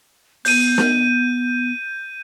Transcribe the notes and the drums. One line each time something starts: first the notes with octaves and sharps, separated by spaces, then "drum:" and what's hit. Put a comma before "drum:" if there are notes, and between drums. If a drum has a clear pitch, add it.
B3 G6 D#7, drum: open hi-hat
drum: snare